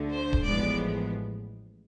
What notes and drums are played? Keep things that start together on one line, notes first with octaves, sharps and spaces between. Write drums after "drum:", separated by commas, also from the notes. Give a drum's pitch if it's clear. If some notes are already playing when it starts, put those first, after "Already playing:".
Already playing: D2 D3 A3
C5
drum: kick D1
A1 A2 F3 G#3 B3 D5